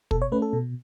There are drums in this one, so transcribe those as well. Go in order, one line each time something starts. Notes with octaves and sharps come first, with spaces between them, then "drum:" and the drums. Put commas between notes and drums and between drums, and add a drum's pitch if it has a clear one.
B2 A4, drum: kick
C#5
A3 C#4 B4
A4
B2